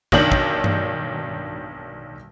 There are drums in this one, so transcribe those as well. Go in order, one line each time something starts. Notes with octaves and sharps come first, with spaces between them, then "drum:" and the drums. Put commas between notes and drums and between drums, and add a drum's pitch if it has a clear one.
B1 D#3 D4 F#7, drum: kick
drum: kick
drum: tom G2